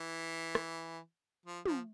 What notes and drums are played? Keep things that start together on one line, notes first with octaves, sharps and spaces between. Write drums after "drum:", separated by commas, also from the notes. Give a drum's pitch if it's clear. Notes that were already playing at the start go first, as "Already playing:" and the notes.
Already playing: E3
drum: rim click
F3
F3, drum: tom